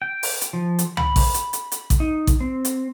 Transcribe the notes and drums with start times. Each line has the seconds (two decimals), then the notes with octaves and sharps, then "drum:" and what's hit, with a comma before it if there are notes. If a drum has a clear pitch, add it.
0.02 G5
0.23 drum: open hi-hat
0.41 drum: hi-hat
0.53 F3
0.79 drum: hi-hat
0.97 B5, drum: tom
1.16 drum: kick A1, open hi-hat
1.34 drum: hi-hat
1.53 drum: hi-hat
1.72 drum: hi-hat
1.90 drum: kick A1, hi-hat
2.00 D#4
2.27 drum: kick A1, hi-hat
2.41 C4
2.65 drum: hi-hat